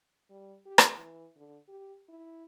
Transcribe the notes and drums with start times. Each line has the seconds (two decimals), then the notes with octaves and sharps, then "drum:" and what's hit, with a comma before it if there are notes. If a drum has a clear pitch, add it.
0.30 G3
0.66 G4
0.78 drum: rim click
0.95 E3
1.36 D3
1.68 G4
2.09 E4